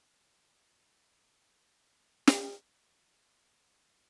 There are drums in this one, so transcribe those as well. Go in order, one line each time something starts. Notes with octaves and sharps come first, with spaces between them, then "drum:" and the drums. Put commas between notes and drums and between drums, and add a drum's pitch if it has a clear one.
A4
A#4
C5
D5
A4
G4
D#4
D4
drum: snare
D#4
F4
F4
D4
C4
G4
F4
D#4